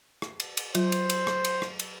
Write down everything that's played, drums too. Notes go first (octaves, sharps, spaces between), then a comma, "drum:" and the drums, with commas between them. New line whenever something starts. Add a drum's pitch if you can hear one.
drum: rim click
drum: cymbal
drum: cymbal
F#3 F4 C5, drum: cymbal
drum: cymbal
drum: cymbal
drum: rim click
drum: cymbal
drum: rim click
drum: cymbal